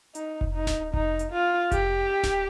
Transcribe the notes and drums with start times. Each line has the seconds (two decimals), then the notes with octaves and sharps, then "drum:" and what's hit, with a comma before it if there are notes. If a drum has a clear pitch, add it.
0.15 D#4, drum: hi-hat
0.41 drum: kick F1
0.54 D#4
0.67 drum: snare D1
0.94 D#4, drum: kick F1
1.19 drum: hi-hat
1.32 F4
1.72 G4, drum: kick F1, hi-hat
2.24 drum: snare D1